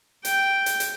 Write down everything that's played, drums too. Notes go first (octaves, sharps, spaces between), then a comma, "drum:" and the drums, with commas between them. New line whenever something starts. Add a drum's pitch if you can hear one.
G5, drum: hi-hat
drum: hi-hat
drum: hi-hat